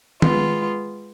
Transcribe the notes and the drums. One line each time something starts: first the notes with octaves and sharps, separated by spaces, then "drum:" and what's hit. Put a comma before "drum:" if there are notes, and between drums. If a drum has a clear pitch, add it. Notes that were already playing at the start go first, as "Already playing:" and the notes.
G#3 B3 F4, drum: tom D#3